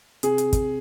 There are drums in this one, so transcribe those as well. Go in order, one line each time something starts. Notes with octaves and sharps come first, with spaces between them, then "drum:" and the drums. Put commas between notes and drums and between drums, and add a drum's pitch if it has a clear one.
C3 G#4, drum: hi-hat
drum: hi-hat
drum: kick, hi-hat